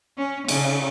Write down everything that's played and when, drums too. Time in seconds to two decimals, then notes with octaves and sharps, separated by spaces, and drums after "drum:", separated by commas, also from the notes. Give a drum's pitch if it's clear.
0.18 C#4
0.48 C#3, drum: cymbal